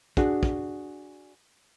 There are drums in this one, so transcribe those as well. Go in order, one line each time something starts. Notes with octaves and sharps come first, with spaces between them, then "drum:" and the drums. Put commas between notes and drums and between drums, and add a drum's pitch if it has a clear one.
D4 F#4 G#4, drum: kick
drum: kick